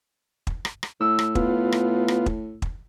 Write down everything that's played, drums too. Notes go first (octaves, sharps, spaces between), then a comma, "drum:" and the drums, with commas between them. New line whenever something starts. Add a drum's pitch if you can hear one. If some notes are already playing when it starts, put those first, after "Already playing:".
drum: kick
drum: rim click
drum: rim click
A2 E6
drum: rim click
B3 F4, drum: kick
drum: rim click
drum: rim click
drum: kick
drum: kick